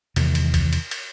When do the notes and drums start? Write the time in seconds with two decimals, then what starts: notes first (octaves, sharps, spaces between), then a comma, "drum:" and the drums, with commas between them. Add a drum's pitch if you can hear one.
0.16 E2 C3 D#3, drum: cymbal
0.35 drum: cymbal
0.54 drum: kick C#2, cymbal
0.73 drum: cymbal
0.91 drum: cymbal